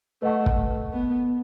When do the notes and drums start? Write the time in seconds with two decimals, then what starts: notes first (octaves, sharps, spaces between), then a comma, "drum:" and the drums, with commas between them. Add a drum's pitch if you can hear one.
0.22 A3 B4 D#5 F#5 A5 C#6
0.46 drum: kick
0.93 B3